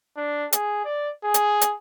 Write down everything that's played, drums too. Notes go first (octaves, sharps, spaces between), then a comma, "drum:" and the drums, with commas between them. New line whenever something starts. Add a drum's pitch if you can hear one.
D4
G#4, drum: hi-hat
D5
G#4
drum: hi-hat
drum: hi-hat